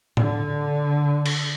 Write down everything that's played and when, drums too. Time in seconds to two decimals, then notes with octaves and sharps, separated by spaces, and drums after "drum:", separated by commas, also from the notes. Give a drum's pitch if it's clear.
0.17 D3, drum: tom A2
1.26 drum: cymbal